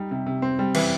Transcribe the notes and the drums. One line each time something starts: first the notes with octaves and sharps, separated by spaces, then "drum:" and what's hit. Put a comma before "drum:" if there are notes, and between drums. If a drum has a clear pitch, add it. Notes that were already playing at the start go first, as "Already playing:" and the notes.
Already playing: G3 D#4
C3
C3
C4
G3
E3, drum: cymbal